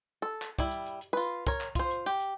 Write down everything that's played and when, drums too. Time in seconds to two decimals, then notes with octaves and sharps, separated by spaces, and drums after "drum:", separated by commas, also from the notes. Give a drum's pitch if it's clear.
0.22 A4
0.42 drum: clap
0.59 G3 E4, drum: kick, hi-hat
0.72 drum: hi-hat
0.86 drum: hi-hat
1.01 drum: hi-hat
1.13 F4 B4
1.47 A#4 C#5, drum: kick, hi-hat
1.61 drum: clap
1.75 F4 C5, drum: kick, hi-hat
1.90 drum: hi-hat
2.06 G4, drum: hi-hat
2.20 drum: hi-hat